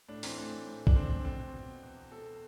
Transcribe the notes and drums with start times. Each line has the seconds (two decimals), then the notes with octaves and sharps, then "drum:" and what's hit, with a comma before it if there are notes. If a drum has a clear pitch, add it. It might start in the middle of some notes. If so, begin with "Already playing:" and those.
0.08 A2 D4
0.23 E3 C4, drum: open hi-hat
0.37 A2 D4
0.52 A2
0.67 A2
0.81 E3
0.87 D4, drum: kick B1
0.96 E3 C4
1.10 A2 D4
1.24 B2 C4
1.39 B2
1.53 B2
1.68 B2
1.83 E2
1.97 E2
2.12 B2 A4